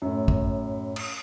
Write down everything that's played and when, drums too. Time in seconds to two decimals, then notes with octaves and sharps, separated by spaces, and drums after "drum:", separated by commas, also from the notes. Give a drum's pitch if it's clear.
0.02 F#2 A2
0.28 drum: kick
0.96 drum: cymbal